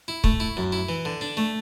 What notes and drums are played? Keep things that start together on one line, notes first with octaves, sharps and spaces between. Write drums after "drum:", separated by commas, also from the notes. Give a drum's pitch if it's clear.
E4
A3, drum: kick
E4
F#2
E4
E3
D3
D4
A3